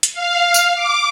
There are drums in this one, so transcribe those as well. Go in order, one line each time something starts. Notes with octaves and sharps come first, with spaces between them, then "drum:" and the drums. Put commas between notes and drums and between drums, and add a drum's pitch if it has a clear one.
drum: hi-hat
F5
drum: tambourine
D6